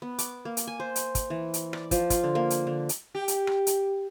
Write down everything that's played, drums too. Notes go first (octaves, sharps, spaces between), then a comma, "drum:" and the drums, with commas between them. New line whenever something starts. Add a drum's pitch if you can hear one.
B3
D6, drum: hi-hat
A#3
drum: hi-hat
G#5
C5
drum: hi-hat
drum: kick, hi-hat
E3
drum: hi-hat
D5, drum: rim click
F3, drum: kick, hi-hat
F4, drum: kick, hi-hat
D3
A#3
drum: hi-hat
D3
drum: hi-hat
G4
drum: hi-hat
drum: rim click
drum: hi-hat